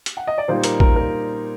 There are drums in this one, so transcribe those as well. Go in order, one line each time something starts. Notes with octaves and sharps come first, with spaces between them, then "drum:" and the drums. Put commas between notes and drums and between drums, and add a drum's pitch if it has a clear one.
drum: hi-hat
F#5
D#5
D5
A#2 G3 A#3 D#4 C5
A#4, drum: hi-hat
A#4, drum: kick
A#4